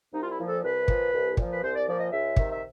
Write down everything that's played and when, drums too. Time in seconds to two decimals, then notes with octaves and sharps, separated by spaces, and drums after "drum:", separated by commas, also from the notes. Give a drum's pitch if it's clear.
0.13 C2 D#4
0.22 F4
0.30 E4
0.38 A#2 F3
0.46 A4
0.63 C2 B4
0.88 A#2 F3, drum: kick
1.13 C2
1.37 A#2 F3, drum: kick
1.52 B4
1.62 C2 C5
1.75 D5
1.87 A#2 F3 D5
1.99 D#5
2.12 C#2 E5
2.36 C3 D#3, drum: kick
2.52 E5